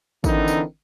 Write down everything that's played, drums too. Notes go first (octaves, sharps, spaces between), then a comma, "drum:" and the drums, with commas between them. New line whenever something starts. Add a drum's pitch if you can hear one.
D3 E3 C4 D4 D#4 A#4, drum: kick, tambourine
drum: tambourine